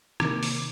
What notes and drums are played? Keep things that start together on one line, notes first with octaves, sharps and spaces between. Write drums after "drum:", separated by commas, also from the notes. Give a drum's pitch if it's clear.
C3 D#3 A#3 D6, drum: rim click
drum: open hi-hat